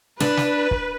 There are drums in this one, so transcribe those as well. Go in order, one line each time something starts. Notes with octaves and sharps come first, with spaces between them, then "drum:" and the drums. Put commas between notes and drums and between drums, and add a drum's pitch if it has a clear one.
D4 B4, drum: snare
drum: snare
drum: kick